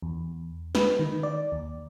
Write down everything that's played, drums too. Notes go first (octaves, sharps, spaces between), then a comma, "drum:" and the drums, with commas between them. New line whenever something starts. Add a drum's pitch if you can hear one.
E2
B4, drum: snare
D#3
D5
D#2